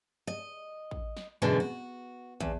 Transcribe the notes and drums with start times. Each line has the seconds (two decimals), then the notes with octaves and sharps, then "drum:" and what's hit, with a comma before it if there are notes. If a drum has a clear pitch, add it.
0.27 D#5
0.91 drum: kick
1.17 drum: snare
1.42 F#2 B2 D3 E3 G#3
1.60 F#4
2.40 E2, drum: kick